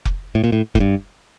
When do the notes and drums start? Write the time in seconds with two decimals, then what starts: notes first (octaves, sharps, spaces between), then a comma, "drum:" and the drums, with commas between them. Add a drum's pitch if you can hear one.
0.05 drum: kick F1
0.35 A2
0.44 A#2
0.52 A2
0.75 A2, drum: kick F1
0.80 G2